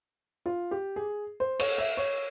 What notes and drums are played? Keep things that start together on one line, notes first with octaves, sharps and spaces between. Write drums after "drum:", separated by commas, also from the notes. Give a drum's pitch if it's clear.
F4
G4
G#4
C5
C#5, drum: cymbal
E5
C#5